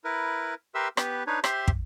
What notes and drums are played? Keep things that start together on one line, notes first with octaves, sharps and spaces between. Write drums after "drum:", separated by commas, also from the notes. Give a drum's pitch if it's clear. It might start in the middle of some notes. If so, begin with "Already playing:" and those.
E4 A#4 B4
G4 A#4 B4 E5 C6 E6
B3 G4 B4, drum: rim click
D4 D#4 B4 C#5
G4 C5 E5 C6, drum: rim click
drum: kick